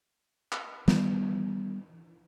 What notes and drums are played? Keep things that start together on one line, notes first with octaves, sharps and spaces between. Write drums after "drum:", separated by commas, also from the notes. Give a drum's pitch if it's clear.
drum: clap
D#3 G3 B3, drum: snare